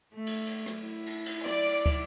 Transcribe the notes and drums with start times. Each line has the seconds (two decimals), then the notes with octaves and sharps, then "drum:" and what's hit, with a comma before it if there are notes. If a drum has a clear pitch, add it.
0.14 A3
0.26 drum: cymbal
0.46 drum: cymbal
0.66 drum: rim click
0.81 E4
1.06 drum: cymbal
1.26 drum: cymbal
1.46 D5, drum: rim click
1.66 drum: cymbal
1.86 drum: kick, cymbal